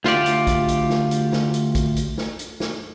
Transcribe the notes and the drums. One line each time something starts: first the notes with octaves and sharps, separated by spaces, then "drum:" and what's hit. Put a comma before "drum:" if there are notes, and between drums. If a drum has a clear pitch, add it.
D2 F4 G4 D5, drum: snare
drum: hi-hat
drum: kick, hi-hat
drum: hi-hat
drum: snare
drum: hi-hat
drum: snare
drum: hi-hat
drum: kick, hi-hat
drum: hi-hat
drum: snare
drum: hi-hat
drum: snare